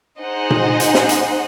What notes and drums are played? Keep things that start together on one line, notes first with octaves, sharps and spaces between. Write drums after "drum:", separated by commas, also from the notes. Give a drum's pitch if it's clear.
D#4 G#4 C5 D#5 F#5
drum: tom A#2
drum: hi-hat
drum: snare
drum: hi-hat